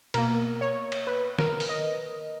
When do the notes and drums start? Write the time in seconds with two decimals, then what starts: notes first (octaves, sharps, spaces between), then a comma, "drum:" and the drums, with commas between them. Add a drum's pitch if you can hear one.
0.14 B2 A#3 A#4, drum: cymbal
0.61 C#5
0.92 drum: cymbal
1.07 B4
1.39 A#4, drum: snare D#3
1.60 drum: open hi-hat
1.69 D#5